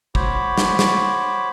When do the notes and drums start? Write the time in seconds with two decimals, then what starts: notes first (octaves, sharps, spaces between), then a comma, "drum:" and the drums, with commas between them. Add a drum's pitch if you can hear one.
0.15 F#4 C5 C#5 B5 D6, drum: kick
0.58 drum: snare
0.79 drum: snare